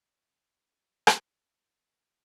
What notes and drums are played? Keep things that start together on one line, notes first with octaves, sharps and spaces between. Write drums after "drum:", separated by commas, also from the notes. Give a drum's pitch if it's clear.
B4
drum: rim click
B3 E4